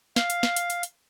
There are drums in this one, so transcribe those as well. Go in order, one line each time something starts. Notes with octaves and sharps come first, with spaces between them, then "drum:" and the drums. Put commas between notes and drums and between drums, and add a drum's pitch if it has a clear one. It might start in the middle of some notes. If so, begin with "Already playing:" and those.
F5, drum: snare
drum: hi-hat
drum: snare
drum: hi-hat
drum: hi-hat
drum: hi-hat